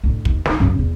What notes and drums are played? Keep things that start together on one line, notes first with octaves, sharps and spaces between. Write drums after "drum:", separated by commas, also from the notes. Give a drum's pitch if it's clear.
D2 A2
D#2, drum: kick
G3 D#4, drum: snare
F#2 C#3
E2